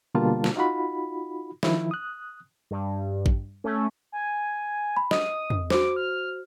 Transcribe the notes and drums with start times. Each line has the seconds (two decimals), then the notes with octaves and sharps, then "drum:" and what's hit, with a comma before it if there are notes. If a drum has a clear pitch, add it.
0.15 B2 D3 G3 A#3 F4 A5
0.44 drum: snare
0.56 D#4 F4 F#4 B5
1.63 D#3 F3 E4, drum: snare
1.91 D#6 F#6
2.71 G2
3.26 drum: kick A1
3.64 A3 C#4
4.12 G#5
4.97 B5
5.11 D#5 D#6, drum: snare
5.50 drum: tom
5.70 F#4 C5 D6, drum: snare
5.96 F6